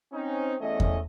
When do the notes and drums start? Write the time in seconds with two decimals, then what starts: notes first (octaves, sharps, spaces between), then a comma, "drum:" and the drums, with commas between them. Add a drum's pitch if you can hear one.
0.13 C4 C#4 D#4
0.60 E2 A3 C#4 C#5 D#5
0.80 drum: kick E2